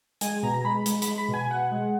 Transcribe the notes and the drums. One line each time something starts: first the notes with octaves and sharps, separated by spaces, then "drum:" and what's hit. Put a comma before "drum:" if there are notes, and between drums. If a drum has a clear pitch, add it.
G#3 G#5, drum: hi-hat
B2 A#5
A#5
G#3 B5
G#3, drum: hi-hat
B5, drum: hi-hat
G#3
B5
B2
G#5
B2 F#5
G#3